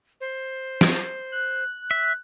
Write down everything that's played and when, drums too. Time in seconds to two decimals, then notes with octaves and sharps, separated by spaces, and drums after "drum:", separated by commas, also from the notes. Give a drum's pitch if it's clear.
0.21 C5
0.81 drum: snare
1.32 F#6
1.91 E5